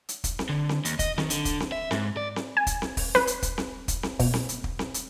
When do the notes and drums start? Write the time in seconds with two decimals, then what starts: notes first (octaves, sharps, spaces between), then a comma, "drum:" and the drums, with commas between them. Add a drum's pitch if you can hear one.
0.09 drum: hi-hat
0.24 drum: kick, hi-hat
0.39 drum: snare C4
0.49 D3
0.69 drum: snare C4
0.85 D#2, drum: hi-hat
0.99 D#5, drum: kick, hi-hat
1.18 D#3, drum: snare C4
1.30 D3, drum: hi-hat
1.45 drum: kick, hi-hat
1.60 drum: snare C4
1.72 E5
1.91 G#2, drum: snare C4
2.17 D5
2.36 drum: snare C4
2.57 G#5
2.67 drum: kick, hi-hat
2.82 drum: snare C4
2.97 drum: kick, open hi-hat
3.15 B4, drum: snare C4
3.27 drum: hi-hat
3.42 drum: kick, hi-hat
3.58 drum: snare C4
3.88 drum: kick, hi-hat
4.03 drum: snare C4
4.19 B2, drum: kick, open hi-hat
4.34 drum: snare C4
4.49 drum: hi-hat
4.64 drum: kick
4.79 drum: snare C4
4.94 drum: hi-hat